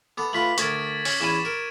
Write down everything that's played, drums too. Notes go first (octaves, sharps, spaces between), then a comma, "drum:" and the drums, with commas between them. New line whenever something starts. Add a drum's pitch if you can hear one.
B3 A4 D6
A3 F4 B4 B6 F#7
D2 A#4 C#6 G#6 A6, drum: hi-hat
C#4, drum: open hi-hat
E2 C#4 E4 D#7 E7
A#4